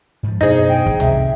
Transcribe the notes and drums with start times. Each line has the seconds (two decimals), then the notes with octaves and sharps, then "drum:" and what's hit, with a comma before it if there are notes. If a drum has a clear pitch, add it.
0.23 G#2 F3
0.41 F#2 B2 D4 D#4 G#4 C5 D#5
0.68 G5
0.86 drum: kick
1.00 C3 E5, drum: tom C2